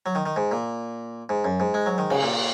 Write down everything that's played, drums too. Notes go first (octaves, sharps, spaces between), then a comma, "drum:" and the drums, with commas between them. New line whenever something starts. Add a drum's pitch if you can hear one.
F#3
D#3
D#3
G#2
A#2
G#2
F#2
G#2
G#3
F#3
D#3
C#3, drum: cymbal
A#2